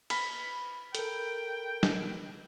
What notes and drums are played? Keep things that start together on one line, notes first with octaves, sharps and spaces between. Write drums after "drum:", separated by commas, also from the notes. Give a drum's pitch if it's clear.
B5 F6, drum: cymbal
A4 A#4 G5, drum: hi-hat
drum: snare